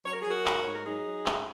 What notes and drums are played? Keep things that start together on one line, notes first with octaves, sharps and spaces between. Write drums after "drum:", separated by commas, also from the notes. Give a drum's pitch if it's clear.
F#3 C#5
A#4
G#4
F#3 F#4 A#4
G#2, drum: clap
G#2 C#5
A#4
F#3 D#4 G#4
F#3
G#2, drum: clap